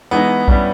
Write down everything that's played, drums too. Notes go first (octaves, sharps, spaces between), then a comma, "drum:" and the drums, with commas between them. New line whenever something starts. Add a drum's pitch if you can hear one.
E3 G#3 B3 D#4
G2 G3 C#4 E4, drum: kick